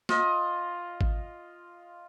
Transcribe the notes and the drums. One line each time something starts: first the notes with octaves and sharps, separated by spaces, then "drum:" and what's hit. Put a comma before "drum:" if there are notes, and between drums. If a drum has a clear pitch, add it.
F4 D#5, drum: snare
drum: kick G#1